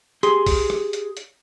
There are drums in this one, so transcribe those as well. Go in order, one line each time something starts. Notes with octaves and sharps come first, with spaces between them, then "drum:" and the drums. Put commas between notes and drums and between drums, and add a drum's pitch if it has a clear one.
G4 G#4 C6, drum: hi-hat
drum: kick B1, open hi-hat
drum: rim click
drum: hi-hat
drum: hi-hat